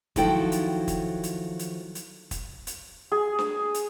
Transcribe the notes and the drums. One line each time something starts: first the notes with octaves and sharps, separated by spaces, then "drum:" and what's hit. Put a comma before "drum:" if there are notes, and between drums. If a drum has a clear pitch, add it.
D#3 F3 F#3 E4 A4 G5, drum: kick, hi-hat
drum: hi-hat
drum: kick, hi-hat
drum: hi-hat
drum: hi-hat
drum: hi-hat
drum: kick, hi-hat
drum: hi-hat
G#4
drum: snare
drum: hi-hat